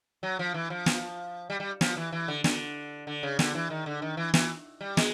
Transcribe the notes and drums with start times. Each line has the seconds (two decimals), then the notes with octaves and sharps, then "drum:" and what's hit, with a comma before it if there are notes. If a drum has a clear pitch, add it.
0.23 F#3
0.39 F3
0.54 E3
0.70 F3
0.86 drum: snare
1.50 G3
1.60 G3
1.81 F3, drum: snare
1.97 E3
2.12 E3
2.28 D3
2.44 D3, drum: snare
3.07 D3
3.23 C#3
3.39 D3, drum: snare
3.55 E3
3.70 D#3
3.86 D3
4.02 D#3
4.17 E3
4.34 E3, drum: snare
4.81 G3
4.97 G#3, drum: snare